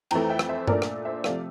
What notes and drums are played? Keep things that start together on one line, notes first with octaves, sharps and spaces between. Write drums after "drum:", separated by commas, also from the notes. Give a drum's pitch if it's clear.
F2 E3 A3 G5 A#5, drum: cymbal
E5 G5
drum: rim click
C5 E5
A#2 A3 D4 A#4 D5, drum: tom G2
drum: rim click
C5 E5
C3 F3 A3 D5 F5, drum: rim click